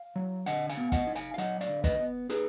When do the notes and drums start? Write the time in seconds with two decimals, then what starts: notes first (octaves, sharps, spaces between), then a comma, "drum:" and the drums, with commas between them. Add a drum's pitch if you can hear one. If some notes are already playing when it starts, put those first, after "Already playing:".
Already playing: F5
0.16 F#3
0.46 D3 D#5 F#5, drum: hi-hat
0.69 F5 G#5, drum: hi-hat
0.77 B3
0.92 D#5 F#5, drum: kick, hi-hat
1.07 D#4
1.15 F5 G#5, drum: hi-hat
1.34 F5
1.38 F#3 D#5 F#5, drum: hi-hat
1.61 D5 F5, drum: hi-hat
1.68 D3
1.84 B4 D#5, drum: kick, hi-hat
1.99 B3
2.30 D#4 G#4 B4, drum: hi-hat